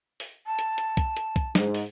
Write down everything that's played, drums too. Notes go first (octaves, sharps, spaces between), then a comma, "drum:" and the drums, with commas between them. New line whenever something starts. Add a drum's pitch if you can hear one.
drum: open hi-hat
A5
drum: hi-hat
drum: hi-hat
drum: kick, hi-hat
drum: hi-hat
drum: kick, hi-hat
G#2, drum: snare
drum: open hi-hat